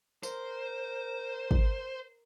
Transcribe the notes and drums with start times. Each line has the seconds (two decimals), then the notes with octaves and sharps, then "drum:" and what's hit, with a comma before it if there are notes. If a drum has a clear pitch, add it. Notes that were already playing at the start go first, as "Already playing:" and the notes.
0.23 A#4 C5, drum: tambourine
1.51 drum: kick